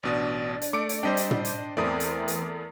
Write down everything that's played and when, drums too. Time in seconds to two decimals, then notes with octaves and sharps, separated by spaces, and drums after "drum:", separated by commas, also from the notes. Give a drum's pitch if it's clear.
0.03 A1 B2 D4 D5 D#6
0.62 drum: hi-hat
0.73 A3 D6 C#7 D7
0.89 drum: hi-hat
1.03 G3 C4 D4 C5 D#5 G5 B6
1.17 drum: hi-hat
1.31 drum: tom
1.45 drum: hi-hat
1.77 E2 E3 A3 C4 A#4 D5 D#6
2.00 drum: hi-hat
2.28 drum: hi-hat